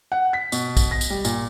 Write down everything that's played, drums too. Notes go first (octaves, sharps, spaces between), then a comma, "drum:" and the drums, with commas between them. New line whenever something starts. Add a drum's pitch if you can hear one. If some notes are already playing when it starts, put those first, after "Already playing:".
F#5
B6
B2, drum: tambourine
drum: kick A#1, tambourine
A#6
drum: tambourine
G3
A#2, drum: tambourine